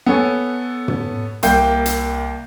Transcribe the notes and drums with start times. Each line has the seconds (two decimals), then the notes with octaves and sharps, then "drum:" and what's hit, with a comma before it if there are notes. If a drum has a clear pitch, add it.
0.06 B3 A4 C#5 G#5
0.88 drum: tom
1.43 C2 A#3 G5 G6, drum: hi-hat
1.86 drum: hi-hat